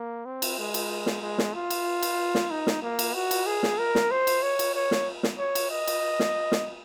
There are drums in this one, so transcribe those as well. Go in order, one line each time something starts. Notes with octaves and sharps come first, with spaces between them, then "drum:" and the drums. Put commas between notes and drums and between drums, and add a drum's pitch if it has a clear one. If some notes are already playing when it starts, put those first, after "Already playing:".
Already playing: A#3
C4
drum: cymbal
G#3
drum: cymbal
drum: snare
G#3
drum: snare
F4
drum: cymbal
drum: cymbal
drum: snare
D#4
drum: snare
A#3
drum: cymbal
F#4
drum: cymbal
G#4
drum: snare
A#4
drum: snare
C5
drum: cymbal
C#5
drum: cymbal
C#5
drum: snare
drum: snare
C#5
drum: cymbal
D#5
drum: cymbal
drum: snare
drum: snare